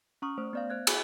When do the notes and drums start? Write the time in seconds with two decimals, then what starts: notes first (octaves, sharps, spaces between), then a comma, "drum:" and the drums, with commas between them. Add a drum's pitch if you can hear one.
0.22 C#4 A#5 C#6 D#6 F6
0.38 A3 C5
0.53 B3 D5 F5
0.70 C5 F#6 G#6
0.87 F#4 G#4 G#5 B5, drum: cymbal